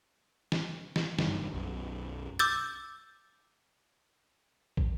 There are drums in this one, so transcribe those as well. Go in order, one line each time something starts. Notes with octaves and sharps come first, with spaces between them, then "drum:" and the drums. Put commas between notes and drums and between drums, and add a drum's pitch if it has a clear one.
drum: snare
drum: snare
F#1 G2 D#3, drum: snare
B1 F#2
D6 E6 G6 A6
drum: kick